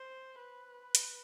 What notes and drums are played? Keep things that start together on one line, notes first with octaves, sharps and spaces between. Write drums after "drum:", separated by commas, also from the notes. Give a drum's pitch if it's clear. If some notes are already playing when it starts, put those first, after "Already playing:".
Already playing: C5
B4
drum: hi-hat